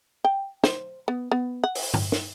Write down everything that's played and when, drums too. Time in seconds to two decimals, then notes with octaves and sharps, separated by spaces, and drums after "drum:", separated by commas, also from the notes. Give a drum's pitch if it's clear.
0.24 G5
0.64 C5, drum: snare
1.08 B3
1.32 B3
1.64 F#5
1.75 drum: open hi-hat
1.94 drum: tom G2
2.12 drum: snare